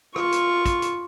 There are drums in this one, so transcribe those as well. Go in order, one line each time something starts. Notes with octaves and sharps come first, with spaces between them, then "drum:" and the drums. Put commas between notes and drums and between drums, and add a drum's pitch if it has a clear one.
F4 C#6, drum: rim click
drum: hi-hat
drum: kick, hi-hat
drum: hi-hat